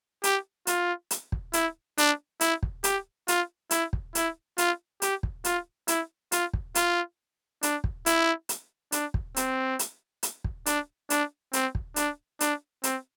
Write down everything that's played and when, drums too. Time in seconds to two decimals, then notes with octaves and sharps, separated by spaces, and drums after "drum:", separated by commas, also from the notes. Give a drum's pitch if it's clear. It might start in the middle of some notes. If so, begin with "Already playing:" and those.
0.24 G4, drum: hi-hat
0.67 F4, drum: hi-hat
1.11 drum: hi-hat
1.32 drum: kick
1.53 E4, drum: hi-hat
1.98 D4, drum: hi-hat
2.41 E4, drum: hi-hat
2.63 drum: kick
2.84 G4, drum: hi-hat
3.28 F4, drum: hi-hat
3.71 E4, drum: hi-hat
3.93 drum: kick
4.15 E4, drum: hi-hat
4.58 F4, drum: hi-hat
5.02 G4, drum: hi-hat
5.23 drum: kick
5.44 F4, drum: hi-hat
5.88 E4, drum: hi-hat
6.32 F4, drum: hi-hat
6.53 drum: kick
6.75 F4, drum: hi-hat
7.63 D4, drum: hi-hat
7.84 drum: kick
8.06 E4, drum: hi-hat
8.49 drum: hi-hat
8.92 D4, drum: hi-hat
9.14 drum: kick
9.36 C4, drum: hi-hat
9.79 drum: hi-hat
10.23 drum: hi-hat
10.44 drum: kick
10.66 D4, drum: hi-hat
11.10 D4, drum: hi-hat
11.53 C4, drum: hi-hat
11.75 drum: kick
11.96 D4, drum: hi-hat
12.40 D4, drum: hi-hat
12.84 C4, drum: hi-hat